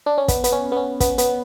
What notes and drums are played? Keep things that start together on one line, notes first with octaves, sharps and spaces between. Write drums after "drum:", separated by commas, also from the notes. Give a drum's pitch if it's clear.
D4
C#4
B3, drum: kick, hi-hat
B3, drum: hi-hat
C#4
B3
C#4
B3, drum: kick, hi-hat
B3, drum: hi-hat